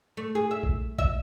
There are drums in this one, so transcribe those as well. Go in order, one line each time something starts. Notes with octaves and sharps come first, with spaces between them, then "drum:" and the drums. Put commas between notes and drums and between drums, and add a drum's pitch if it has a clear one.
A3
G#4
E5
drum: kick A#1
E5, drum: kick A#1